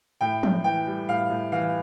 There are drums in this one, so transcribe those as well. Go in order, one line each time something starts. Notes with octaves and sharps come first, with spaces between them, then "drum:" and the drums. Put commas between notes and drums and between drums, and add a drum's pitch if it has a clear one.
A2 G5
A2, drum: tom
E3 G5
G3
A2 F5
A2
E3 F5